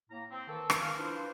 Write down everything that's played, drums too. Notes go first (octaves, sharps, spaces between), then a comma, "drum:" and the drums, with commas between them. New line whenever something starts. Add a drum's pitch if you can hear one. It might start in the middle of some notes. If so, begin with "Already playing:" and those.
A2 A#3 A#5
C4
D#3 E3 A4
drum: rim click
F5
D4 E4 F4 B4 C5